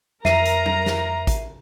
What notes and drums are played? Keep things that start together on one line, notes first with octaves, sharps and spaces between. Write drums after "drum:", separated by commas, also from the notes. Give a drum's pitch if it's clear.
F2 A#4 E5 A#5 C7 D#7, drum: snare
drum: hi-hat
drum: tom F#3
drum: snare
drum: kick G#1, hi-hat